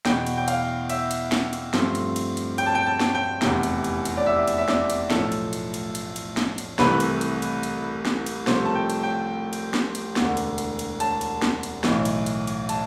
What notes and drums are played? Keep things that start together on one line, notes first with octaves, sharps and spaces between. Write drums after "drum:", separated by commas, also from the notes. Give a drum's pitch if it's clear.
E2 B2 B3 G5, drum: snare
drum: cymbal
G5
F5, drum: cymbal
E5, drum: cymbal
drum: cymbal
drum: snare
drum: cymbal
G2 F3 A3 C4, drum: snare
drum: cymbal
drum: cymbal
drum: cymbal
G5, drum: cymbal
A5
G5
A5
drum: snare
G5
F1 E2 C3, drum: snare
drum: cymbal
drum: cymbal
drum: cymbal
D5
E5
drum: cymbal
E5
D5, drum: snare
drum: cymbal
B1 A2 F3 A4, drum: snare
drum: cymbal
drum: cymbal
drum: cymbal
drum: cymbal
drum: cymbal
drum: snare
drum: cymbal
C2 C3 E3 A3 B4, drum: snare
drum: cymbal
drum: cymbal
drum: cymbal
drum: cymbal
drum: snare
drum: cymbal
C2 C3 F3 A3 C5, drum: snare
A5
G5
drum: cymbal
G5
drum: cymbal
drum: snare
drum: cymbal
E1 D2 D3, drum: snare
drum: cymbal
drum: cymbal
drum: cymbal
A5, drum: cymbal
drum: cymbal
drum: snare
drum: cymbal
B1 A2 E3, drum: snare
drum: cymbal
drum: cymbal
drum: cymbal
A5, drum: cymbal